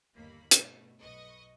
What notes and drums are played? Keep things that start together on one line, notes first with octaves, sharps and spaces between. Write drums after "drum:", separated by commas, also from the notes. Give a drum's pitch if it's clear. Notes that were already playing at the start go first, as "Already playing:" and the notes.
G1 D#2 A#3 B5
G2 B2 A3, drum: hi-hat
B1 B4 D#5 C#6